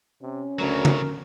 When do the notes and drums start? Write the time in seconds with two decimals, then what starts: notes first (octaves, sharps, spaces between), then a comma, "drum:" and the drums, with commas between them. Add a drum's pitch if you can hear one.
0.22 C3 C#4
0.59 D2 C#3 F#3 A#4
0.85 drum: tom